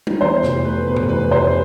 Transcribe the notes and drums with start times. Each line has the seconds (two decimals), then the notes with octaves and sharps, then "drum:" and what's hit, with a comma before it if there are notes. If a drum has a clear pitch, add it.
0.07 drum: tom
0.21 E2 C5
0.43 F1, drum: snare
0.65 A3 B4
0.87 B2 B4
0.96 drum: tom G2
1.09 E2 B4
1.30 F1 C5